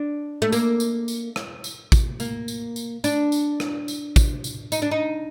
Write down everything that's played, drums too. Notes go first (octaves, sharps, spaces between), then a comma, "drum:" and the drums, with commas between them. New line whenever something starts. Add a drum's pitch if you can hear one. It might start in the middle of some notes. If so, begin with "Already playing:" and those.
Already playing: D4
A3
A#3, drum: tambourine
drum: tambourine
drum: tambourine
drum: rim click
drum: tambourine
drum: kick, tambourine
A#3, drum: tambourine
drum: tambourine
drum: tambourine
D4, drum: tambourine
drum: tambourine
drum: rim click
drum: tambourine
drum: kick, tambourine
drum: tambourine
D#4, drum: tambourine
D4
D#4